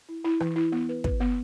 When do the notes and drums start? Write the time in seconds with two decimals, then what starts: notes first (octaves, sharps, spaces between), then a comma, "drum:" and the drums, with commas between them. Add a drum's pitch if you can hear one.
0.09 E4
0.25 E4
0.40 E3, drum: rim click
0.56 E4
0.72 B3
0.89 B4
1.04 B4, drum: kick
1.20 B3